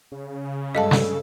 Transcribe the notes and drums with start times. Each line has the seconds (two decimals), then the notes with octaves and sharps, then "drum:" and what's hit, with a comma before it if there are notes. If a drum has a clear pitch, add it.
0.12 C#3
0.75 G2 G#3 A4 D#5 F5 A5
0.91 drum: snare